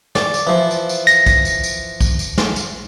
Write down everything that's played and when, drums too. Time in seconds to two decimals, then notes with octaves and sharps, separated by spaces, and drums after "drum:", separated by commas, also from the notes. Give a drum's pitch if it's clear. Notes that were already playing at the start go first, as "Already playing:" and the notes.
0.15 D5, drum: snare
0.34 drum: tambourine
0.47 E3 F3
0.71 drum: tambourine
0.89 drum: tambourine
1.07 A#6, drum: tambourine
1.26 drum: kick, tambourine
1.45 drum: tambourine
1.63 drum: tambourine
2.01 drum: kick, tambourine
2.19 drum: tambourine
2.38 drum: snare
2.56 drum: tambourine